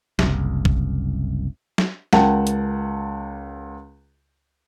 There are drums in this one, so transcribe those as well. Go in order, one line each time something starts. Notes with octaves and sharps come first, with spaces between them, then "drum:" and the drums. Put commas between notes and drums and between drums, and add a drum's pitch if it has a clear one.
F#1 C2, drum: snare
drum: kick A#1
drum: snare
C#2 A#4 F#5 G5 A5, drum: snare
drum: hi-hat